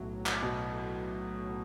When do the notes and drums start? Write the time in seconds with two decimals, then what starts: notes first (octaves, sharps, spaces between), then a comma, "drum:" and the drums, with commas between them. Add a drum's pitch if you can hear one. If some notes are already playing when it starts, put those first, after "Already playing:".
Already playing: B1 A2 F#3
0.26 drum: clap
0.42 B2